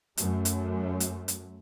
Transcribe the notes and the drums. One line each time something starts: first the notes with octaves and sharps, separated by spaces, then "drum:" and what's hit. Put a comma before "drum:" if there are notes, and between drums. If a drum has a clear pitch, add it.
F#2 A3, drum: hi-hat
drum: hi-hat
drum: hi-hat
drum: hi-hat